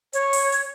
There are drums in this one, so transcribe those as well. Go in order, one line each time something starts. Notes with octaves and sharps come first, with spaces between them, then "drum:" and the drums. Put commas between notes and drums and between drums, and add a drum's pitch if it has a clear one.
C#5, drum: hi-hat
drum: open hi-hat
drum: hi-hat